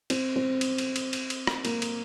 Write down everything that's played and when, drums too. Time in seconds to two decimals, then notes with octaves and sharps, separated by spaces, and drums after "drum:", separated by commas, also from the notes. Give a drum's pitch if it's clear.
0.10 C4, drum: cymbal
0.36 C4
0.61 drum: cymbal
0.78 drum: cymbal
0.96 drum: cymbal
1.13 drum: cymbal
1.30 drum: cymbal
1.47 drum: rim click
1.65 A#3, drum: cymbal
1.82 drum: cymbal